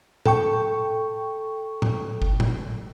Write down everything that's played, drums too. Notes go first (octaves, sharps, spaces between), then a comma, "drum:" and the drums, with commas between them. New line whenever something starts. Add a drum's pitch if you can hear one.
A4 G5 C#6, drum: tom A2
drum: tom A2
drum: kick G1
drum: tom A2